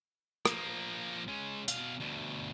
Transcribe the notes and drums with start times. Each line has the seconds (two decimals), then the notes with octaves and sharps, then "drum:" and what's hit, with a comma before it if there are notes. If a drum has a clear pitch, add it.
0.45 F3 A#3, drum: rim click
1.28 G#3 C#4
1.68 B2 F5, drum: hi-hat
2.00 D2 B2